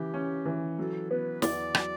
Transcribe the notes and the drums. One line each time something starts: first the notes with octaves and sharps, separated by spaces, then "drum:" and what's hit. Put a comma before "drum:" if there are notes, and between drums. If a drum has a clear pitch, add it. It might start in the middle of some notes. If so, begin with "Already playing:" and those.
Already playing: C#3 E3 G4
C#4
E3
F#3 A4
B3 B4
E2 D5, drum: snare
F#3, drum: rim click